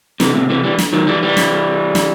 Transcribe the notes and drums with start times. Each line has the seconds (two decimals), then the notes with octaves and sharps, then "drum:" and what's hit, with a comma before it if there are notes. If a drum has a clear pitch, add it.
0.20 C3 E3, drum: snare
0.35 A2 C3
0.50 C3 E3
0.64 E3 G3
0.79 drum: snare
0.93 D#3 F#3
1.07 E3 G3
1.23 E3 G3
1.37 drum: snare
1.95 drum: snare